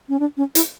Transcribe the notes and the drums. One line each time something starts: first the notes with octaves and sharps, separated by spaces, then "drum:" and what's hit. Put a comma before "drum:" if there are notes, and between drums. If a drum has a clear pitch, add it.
C#4
D4
C#4
E4, drum: hi-hat